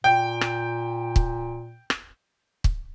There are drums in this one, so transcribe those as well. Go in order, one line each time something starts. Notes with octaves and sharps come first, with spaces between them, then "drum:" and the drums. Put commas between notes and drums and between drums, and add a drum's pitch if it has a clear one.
A#2 G5
drum: rim click
drum: kick
drum: rim click
drum: kick